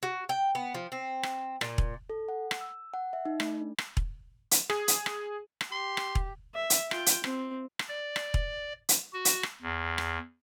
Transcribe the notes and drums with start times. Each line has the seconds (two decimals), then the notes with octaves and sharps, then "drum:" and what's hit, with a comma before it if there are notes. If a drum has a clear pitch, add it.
0.03 F#4
0.29 G5
0.55 B3
0.74 F3
0.92 C4
1.23 drum: rim click
1.61 A#2, drum: rim click
1.78 drum: kick E1
2.10 A4
2.29 F#5
2.51 drum: rim click
2.61 E6
2.94 F#5
3.13 E5
3.25 D#4
3.40 A3, drum: rim click
3.61 D4
3.78 drum: rim click
3.97 drum: kick E1
4.51 drum: hi-hat
4.70 G#4, drum: rim click
4.88 drum: hi-hat
5.06 drum: rim click
5.61 drum: rim click
5.72 G4 C6
5.97 drum: rim click
6.15 drum: kick E1
6.54 E5
6.70 drum: hi-hat
6.91 F4 G5, drum: rim click
7.06 drum: hi-hat
7.24 C4, drum: rim click
7.79 drum: rim click
7.89 D5
8.16 drum: rim click
8.34 drum: kick E1
8.89 drum: hi-hat
9.13 F#4
9.25 drum: hi-hat
9.43 drum: rim click
9.62 E2
9.98 drum: rim click